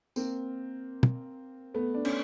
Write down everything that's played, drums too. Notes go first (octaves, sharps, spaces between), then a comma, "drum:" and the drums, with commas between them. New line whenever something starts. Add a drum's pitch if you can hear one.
A#3 C4, drum: tambourine
drum: tom
A3 B3
D4
C#4, drum: cymbal